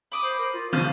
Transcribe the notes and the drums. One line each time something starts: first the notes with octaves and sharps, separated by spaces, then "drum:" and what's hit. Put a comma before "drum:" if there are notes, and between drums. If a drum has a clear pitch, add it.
B5 D6 D#6
C5
A#4
F4
B4 C5 F5, drum: tom